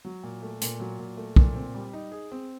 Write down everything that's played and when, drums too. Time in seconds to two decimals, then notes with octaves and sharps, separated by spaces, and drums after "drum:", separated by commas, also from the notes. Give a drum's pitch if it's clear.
0.05 F#3
0.23 A#2
0.42 A3
0.61 A#2, drum: hi-hat
0.80 F#3
0.99 A#2
1.17 A3
1.36 A#2, drum: kick
1.56 C4
1.74 G3
1.93 D#4
2.12 G#4
2.32 C4